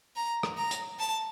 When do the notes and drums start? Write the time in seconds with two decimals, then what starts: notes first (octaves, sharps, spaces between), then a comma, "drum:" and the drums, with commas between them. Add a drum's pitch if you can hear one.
0.16 A#5
0.43 drum: rim click
0.57 A#5
0.71 drum: hi-hat
0.99 A5